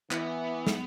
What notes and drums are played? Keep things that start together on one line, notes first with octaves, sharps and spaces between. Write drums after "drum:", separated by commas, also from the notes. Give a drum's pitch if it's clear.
E3 B3, drum: clap
drum: snare